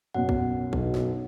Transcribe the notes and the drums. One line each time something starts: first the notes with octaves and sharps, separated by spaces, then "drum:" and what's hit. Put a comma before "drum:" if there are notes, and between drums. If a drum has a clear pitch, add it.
F#2 B2 F#5
drum: kick
B1, drum: kick
drum: snare